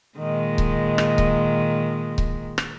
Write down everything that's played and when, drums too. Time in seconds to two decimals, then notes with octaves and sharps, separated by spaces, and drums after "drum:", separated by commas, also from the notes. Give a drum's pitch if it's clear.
0.18 A#2 D#3 G#3
0.58 drum: kick C#1
0.98 drum: rim click
1.18 drum: kick C#1
2.18 drum: kick C#1
2.58 drum: rim click